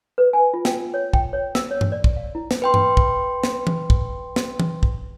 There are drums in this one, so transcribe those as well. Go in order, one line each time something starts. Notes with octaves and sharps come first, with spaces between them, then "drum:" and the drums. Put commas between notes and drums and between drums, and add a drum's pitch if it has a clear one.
B4
G#5
F4
G5, drum: snare
C#5
G5, drum: kick
C#5
E6, drum: snare
C#5
drum: tom G2
D5
drum: kick
F5
E4
drum: snare
B4 G5 C6
drum: tom G2
drum: kick
drum: snare
drum: tom
drum: kick
drum: snare
drum: tom
drum: kick